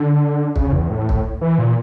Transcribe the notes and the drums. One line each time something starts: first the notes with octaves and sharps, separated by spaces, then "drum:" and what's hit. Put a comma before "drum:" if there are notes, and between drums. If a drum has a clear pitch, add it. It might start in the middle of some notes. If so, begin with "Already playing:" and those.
Already playing: D3
C#3, drum: kick
E2
A2
drum: kick
E3
A#2